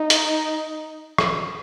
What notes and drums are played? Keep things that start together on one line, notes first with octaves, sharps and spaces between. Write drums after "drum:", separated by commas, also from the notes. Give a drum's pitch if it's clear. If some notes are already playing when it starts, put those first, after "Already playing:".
Already playing: D#4
drum: hi-hat
drum: rim click